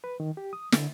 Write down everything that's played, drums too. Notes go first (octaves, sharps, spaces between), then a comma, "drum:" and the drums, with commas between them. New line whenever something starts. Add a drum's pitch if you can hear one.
B4
D#3
G4
D#6
D3, drum: snare